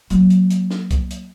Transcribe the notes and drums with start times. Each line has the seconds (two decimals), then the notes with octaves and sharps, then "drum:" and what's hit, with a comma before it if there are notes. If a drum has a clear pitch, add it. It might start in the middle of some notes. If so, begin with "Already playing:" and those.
0.10 F#3 A#3, drum: hi-hat
0.30 drum: hi-hat
0.50 drum: hi-hat
0.71 drum: snare
0.91 drum: kick C2, hi-hat
1.11 drum: hi-hat